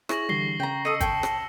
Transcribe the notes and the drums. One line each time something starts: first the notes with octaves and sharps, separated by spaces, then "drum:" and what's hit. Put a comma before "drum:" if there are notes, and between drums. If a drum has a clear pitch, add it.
E4 G#4 C#5 C#6 A#6 F#7, drum: rim click
D3 E3 G3 A#6 C7 G7
C#3 G5 A#5
A4 D#5 C#6 D#6 E6 C#7
C#5 G5 A5, drum: kick, hi-hat
drum: rim click